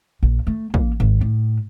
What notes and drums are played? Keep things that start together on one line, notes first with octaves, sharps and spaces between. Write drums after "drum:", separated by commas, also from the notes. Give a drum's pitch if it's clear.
A#1
A3
A#3, drum: kick
G#1
A2